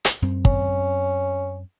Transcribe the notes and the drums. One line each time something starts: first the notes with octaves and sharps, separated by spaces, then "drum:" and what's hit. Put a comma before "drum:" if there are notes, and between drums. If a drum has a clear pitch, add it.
drum: hi-hat
F#2 C4
C#4, drum: kick